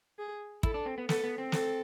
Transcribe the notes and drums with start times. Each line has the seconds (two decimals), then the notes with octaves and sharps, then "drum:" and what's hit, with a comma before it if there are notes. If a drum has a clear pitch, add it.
0.19 G#4
0.63 E4 A4, drum: kick
0.74 D4
0.86 C4
0.98 B3
1.09 B3 A4, drum: snare
1.24 B3
1.38 C4
1.52 A4, drum: snare